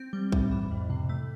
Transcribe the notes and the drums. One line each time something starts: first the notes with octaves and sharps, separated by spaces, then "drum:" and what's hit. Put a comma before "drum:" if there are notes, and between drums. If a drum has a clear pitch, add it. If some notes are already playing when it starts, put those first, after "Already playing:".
Already playing: C4
G3
A2, drum: kick
E3
F2
C3
A3